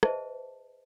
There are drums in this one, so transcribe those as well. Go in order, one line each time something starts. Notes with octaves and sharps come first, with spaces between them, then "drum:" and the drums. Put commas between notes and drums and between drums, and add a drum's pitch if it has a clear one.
G#4 B4 C5 D#5 E5 A5, drum: rim click